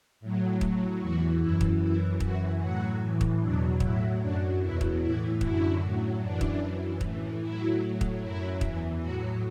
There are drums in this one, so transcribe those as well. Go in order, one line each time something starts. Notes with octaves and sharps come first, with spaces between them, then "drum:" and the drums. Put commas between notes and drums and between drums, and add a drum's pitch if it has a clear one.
A2 F#3
A2 F#3, drum: kick
E2 E3 F#4
F#2 E3 E4
drum: kick
F#2 E3 E4
F#2 E3 F#4, drum: kick
A2 F#3 F#4
A2 E3
drum: kick
E2 B2 F#3 D4
A2 F#3 E4, drum: kick
F#2 F#3 D4
E2 B2 F#3 E4
drum: kick
A2 E3 E4
F#2 D3 F#3 E4, drum: kick
A2 F#3
F#2 E3 D4
drum: kick
F#2 E3
A2 E3, drum: kick
A2 F#3 E4
A2 F#3
drum: kick
F#2 F#3 E4
E2 E3, drum: kick
A2 F#3 F#4